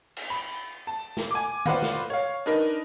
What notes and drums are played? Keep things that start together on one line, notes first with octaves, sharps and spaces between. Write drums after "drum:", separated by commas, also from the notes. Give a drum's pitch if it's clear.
drum: cymbal
B5
A5
drum: snare
G#5 D6
F4 F#4 B4 C5 D5 F#5, drum: tom D3
drum: snare
C#5 F5
D4 D#4 A#4 B4